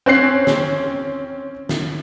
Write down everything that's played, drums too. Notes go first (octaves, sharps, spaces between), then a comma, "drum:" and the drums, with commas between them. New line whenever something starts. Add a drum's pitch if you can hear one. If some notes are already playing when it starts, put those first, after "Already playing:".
C4 C#4 F#6 C7
drum: snare
drum: snare